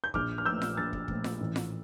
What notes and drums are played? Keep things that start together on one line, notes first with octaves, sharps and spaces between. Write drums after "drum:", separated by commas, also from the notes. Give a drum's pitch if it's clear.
G6
A#1 D6 F6, drum: kick
F6
A#2 F3 A3 E6 G6
drum: snare F4
A#1 F6 A6
drum: kick
A#2 F3 A3, drum: kick
drum: snare F4
A1
drum: snare F4